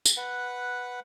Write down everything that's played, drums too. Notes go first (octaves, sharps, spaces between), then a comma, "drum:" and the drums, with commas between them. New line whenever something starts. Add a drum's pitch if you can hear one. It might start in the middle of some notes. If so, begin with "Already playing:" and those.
drum: tambourine
B4 F#5